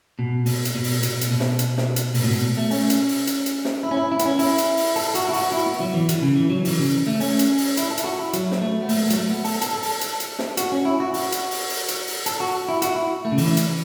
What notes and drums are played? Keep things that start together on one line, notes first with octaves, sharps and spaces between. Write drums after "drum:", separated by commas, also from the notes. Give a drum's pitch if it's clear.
B2
B2, drum: open hi-hat
drum: hi-hat
B2
drum: open hi-hat
B2, drum: hi-hat
drum: hi-hat
B2
drum: snare
drum: hi-hat
drum: snare
drum: hi-hat
B2, drum: open hi-hat
A2
B2
A3
C#4, drum: open hi-hat
drum: hi-hat
drum: open hi-hat
drum: hi-hat
drum: hi-hat
drum: snare
E4
C#4
E4
E4
B3, drum: hi-hat
C#4
E4, drum: open hi-hat
drum: hi-hat
drum: open hi-hat
A4, drum: open hi-hat
F#4, drum: hi-hat
E4
F#4, drum: open hi-hat
E4
B3
F#3
E3
E3, drum: hi-hat
C#3
E3
F#3
E3, drum: open hi-hat
C#3
A3
C#4, drum: open hi-hat
drum: hi-hat
drum: open hi-hat
E4, drum: hi-hat
A4
E4, drum: hi-hat
F#4
E4
F#3, drum: hi-hat
drum: snare
A3
B3
A3, drum: open hi-hat
A3
F#3, drum: hi-hat
A3
B3
A4, drum: open hi-hat
A4, drum: hi-hat
A4
drum: open hi-hat
drum: hi-hat
drum: hi-hat
drum: snare
F#4, drum: hi-hat
C#4
E4
F#4
F#4, drum: open hi-hat
drum: hi-hat
drum: open hi-hat
drum: open hi-hat
drum: hi-hat
drum: open hi-hat
A4, drum: hi-hat
F#4
E4
F#4, drum: hi-hat
E4
A3
C#3
E3, drum: open hi-hat
drum: hi-hat